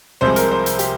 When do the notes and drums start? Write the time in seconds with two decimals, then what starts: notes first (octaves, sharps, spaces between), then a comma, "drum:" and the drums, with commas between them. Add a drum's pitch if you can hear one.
0.21 C2 C3 F3 G#3 C5
0.36 A#4, drum: hi-hat
0.51 C5
0.66 drum: hi-hat
0.79 G4, drum: hi-hat